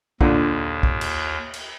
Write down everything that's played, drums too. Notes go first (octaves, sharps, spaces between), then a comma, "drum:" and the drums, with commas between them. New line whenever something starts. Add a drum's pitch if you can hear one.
D#2 A#2 D3 D4, drum: kick
drum: kick
drum: cymbal
drum: cymbal